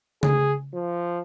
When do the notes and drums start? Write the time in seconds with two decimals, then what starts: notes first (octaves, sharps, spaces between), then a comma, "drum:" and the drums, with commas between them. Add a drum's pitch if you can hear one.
0.23 G#4, drum: tom C#3
0.73 F3